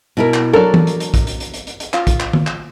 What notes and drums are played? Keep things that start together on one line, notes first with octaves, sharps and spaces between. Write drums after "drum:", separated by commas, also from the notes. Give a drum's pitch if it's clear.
B2 E4 A#4
drum: clap
F#3 D4 A4 A#4
drum: tom E3
drum: hi-hat
drum: hi-hat
drum: kick, hi-hat
drum: hi-hat
drum: hi-hat
drum: hi-hat
drum: hi-hat
drum: hi-hat
F4, drum: clap
drum: kick, hi-hat
drum: clap
drum: tom D#3
drum: clap